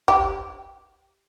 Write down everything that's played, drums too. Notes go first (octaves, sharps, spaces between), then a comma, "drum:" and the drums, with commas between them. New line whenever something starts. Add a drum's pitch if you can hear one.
G4, drum: kick